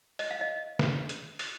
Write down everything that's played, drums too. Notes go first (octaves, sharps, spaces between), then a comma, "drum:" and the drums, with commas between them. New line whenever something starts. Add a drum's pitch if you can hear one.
D#5, drum: open hi-hat
F5
D#5
drum: snare
drum: hi-hat
drum: open hi-hat